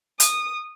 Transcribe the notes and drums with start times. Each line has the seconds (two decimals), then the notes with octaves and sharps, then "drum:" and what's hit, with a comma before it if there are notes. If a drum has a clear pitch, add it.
0.20 D#6, drum: hi-hat